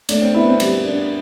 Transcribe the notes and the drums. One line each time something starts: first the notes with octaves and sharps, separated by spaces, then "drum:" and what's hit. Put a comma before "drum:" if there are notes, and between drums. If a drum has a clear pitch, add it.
A3 D4, drum: cymbal
C4
B3 E4
C4
G3, drum: cymbal
D4